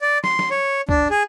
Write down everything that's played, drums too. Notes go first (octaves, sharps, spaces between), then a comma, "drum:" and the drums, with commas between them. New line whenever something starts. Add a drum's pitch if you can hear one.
D5
C6, drum: snare
drum: snare
C#5
D4, drum: kick C#2
G#4